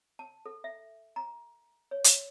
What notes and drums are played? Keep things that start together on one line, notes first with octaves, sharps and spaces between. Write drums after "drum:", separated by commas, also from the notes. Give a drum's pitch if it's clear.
A5
A4
E5
A#5
C#5
drum: hi-hat